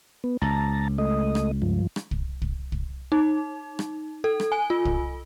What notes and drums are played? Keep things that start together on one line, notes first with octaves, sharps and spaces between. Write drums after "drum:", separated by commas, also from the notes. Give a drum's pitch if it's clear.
B3
C#2 A5 A#5
A3 D#5
drum: rim click
G2 F3
drum: rim click
drum: kick
drum: kick
drum: kick
D#4
drum: rim click
A4
drum: rim click
G#5
F4
drum: kick